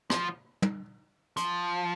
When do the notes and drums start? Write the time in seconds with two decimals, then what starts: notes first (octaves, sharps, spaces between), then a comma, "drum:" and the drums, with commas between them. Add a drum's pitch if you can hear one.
0.10 F3, drum: rim click
0.62 drum: tom
1.37 F3, drum: hi-hat